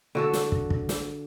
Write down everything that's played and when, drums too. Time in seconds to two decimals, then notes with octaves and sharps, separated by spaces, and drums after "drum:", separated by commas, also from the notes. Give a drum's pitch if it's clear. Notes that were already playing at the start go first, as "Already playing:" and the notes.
0.15 D3 F#4 A4
0.33 drum: snare
0.52 drum: kick
0.70 drum: kick
0.89 drum: snare